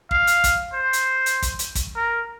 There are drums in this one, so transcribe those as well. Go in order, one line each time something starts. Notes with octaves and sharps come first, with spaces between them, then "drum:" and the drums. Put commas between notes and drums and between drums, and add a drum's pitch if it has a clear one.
F5, drum: kick
drum: hi-hat
drum: kick, hi-hat
C5
drum: hi-hat
drum: hi-hat
drum: kick, hi-hat
drum: hi-hat
drum: kick, hi-hat
A#4